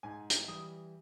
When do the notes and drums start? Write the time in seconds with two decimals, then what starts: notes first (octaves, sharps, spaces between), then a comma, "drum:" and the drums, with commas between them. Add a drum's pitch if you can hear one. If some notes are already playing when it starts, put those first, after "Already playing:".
0.03 G#2 G#5
0.30 drum: hi-hat
0.47 E3 G3 D#6